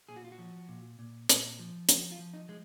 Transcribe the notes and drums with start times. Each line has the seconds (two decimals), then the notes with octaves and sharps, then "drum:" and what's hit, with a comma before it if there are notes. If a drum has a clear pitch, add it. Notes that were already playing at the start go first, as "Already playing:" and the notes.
0.09 A#2 G#4
0.16 F#4
0.25 F4
0.32 F#4
0.38 F3
0.69 A#2
0.99 A#2
1.29 A#2, drum: hi-hat
1.59 F3
1.89 F3 F#4, drum: hi-hat
2.12 F4
2.19 F3
2.34 D#4
2.48 F3 G#3